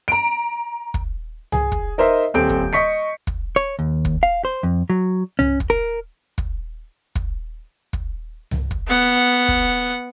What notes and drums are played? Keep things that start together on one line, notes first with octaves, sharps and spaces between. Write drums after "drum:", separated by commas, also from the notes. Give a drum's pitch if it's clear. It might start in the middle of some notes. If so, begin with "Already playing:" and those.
A#5 D7
drum: kick
G#4, drum: tom C2
drum: kick
D#4 A#4 C5 D#5 E5
D#1 C4 A4 G6 D7
drum: kick
D#5 C#6 B6 C#7
drum: kick
C#5
D#2
drum: kick
F5
C5
F2
F#3
C#4, drum: tom C2
drum: kick
A#4
drum: kick
drum: kick
drum: kick
drum: tom C2
drum: kick
B3 F#5
drum: kick